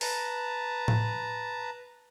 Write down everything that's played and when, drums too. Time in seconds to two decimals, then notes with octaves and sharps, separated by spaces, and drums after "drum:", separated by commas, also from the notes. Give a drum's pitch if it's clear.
0.01 B4 A5 A#5, drum: open hi-hat
0.88 drum: tom A2